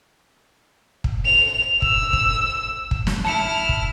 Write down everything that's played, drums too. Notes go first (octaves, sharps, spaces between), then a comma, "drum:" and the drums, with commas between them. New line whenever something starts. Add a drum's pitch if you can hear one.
drum: kick
F7
E6, drum: kick
drum: kick
drum: kick
drum: snare
E4 A5 F6 C#7 E7
drum: kick